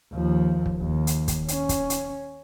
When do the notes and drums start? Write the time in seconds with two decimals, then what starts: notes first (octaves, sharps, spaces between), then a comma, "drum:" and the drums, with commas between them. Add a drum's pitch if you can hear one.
0.13 D#2 F3
0.66 drum: kick
0.79 D#2
1.07 drum: hi-hat
1.28 drum: kick, hi-hat
1.48 C#4, drum: hi-hat
1.69 drum: kick, hi-hat
1.90 drum: hi-hat